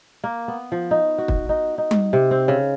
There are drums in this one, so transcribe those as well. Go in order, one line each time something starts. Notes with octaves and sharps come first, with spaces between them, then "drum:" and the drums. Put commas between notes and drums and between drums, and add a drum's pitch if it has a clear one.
A#3
B3
F3
D#4
F#4
drum: kick
D#4
D#4
drum: tom G3
C3
C4
C#3